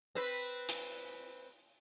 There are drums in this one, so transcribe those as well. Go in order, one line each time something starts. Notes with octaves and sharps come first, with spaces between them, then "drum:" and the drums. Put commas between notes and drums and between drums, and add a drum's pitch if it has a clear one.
C4 B4
drum: hi-hat